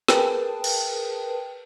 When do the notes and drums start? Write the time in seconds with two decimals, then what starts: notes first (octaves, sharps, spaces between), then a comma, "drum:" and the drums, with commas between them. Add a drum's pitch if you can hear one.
0.08 G#4 A#4 B4 G5 A5, drum: snare
0.64 drum: cymbal